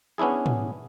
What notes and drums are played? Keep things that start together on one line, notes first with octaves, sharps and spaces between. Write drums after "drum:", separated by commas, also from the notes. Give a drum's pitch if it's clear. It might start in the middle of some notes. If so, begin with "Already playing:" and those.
B3 C#4 D4 E4 G#4
drum: tom